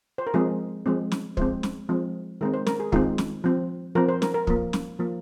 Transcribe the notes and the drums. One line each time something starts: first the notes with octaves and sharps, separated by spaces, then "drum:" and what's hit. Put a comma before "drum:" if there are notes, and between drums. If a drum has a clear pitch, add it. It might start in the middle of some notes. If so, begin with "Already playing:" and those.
C5
A#4
F3 G#3 C4 G#4
F3 G#3 C4
drum: snare
F3 G#3 C4 C5, drum: kick
drum: snare
F3 G#3 C4
D#3 G#3 C4 A#4
C5
A#4, drum: snare
G#4
D#3 G#3 C4 F4, drum: kick
drum: snare
F3 C4
F3 C4 A#4
C5
A#4, drum: snare
A#4
F3 A#3, drum: kick
drum: snare
F3 A#3